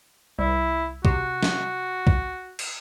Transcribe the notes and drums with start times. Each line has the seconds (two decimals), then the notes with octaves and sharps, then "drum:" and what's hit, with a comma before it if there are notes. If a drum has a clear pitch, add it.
0.39 C2 E4
1.05 C3 F#4, drum: kick
1.43 drum: snare
2.07 drum: kick
2.59 drum: cymbal